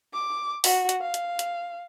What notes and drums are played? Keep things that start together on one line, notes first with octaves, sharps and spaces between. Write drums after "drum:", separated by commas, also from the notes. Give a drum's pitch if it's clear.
D6
F#4, drum: open hi-hat
drum: hi-hat
F5
drum: hi-hat
drum: hi-hat